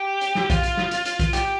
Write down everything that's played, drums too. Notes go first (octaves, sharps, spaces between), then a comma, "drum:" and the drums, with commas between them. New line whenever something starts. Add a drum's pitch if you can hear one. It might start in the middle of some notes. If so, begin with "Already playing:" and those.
Already playing: G4
drum: hi-hat
drum: snare
F4, drum: kick A#1, hi-hat
drum: hi-hat
drum: snare
drum: hi-hat
drum: hi-hat
drum: kick A#1, hi-hat
G4, drum: hi-hat